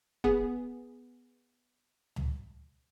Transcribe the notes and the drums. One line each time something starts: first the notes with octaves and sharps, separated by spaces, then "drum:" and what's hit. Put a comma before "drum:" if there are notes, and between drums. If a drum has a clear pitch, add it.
B3 G#4, drum: kick
drum: tom C#2